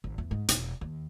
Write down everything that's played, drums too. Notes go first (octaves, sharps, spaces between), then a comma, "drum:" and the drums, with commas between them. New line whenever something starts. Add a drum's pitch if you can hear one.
G#1
E2
G#2
E1, drum: hi-hat
D#2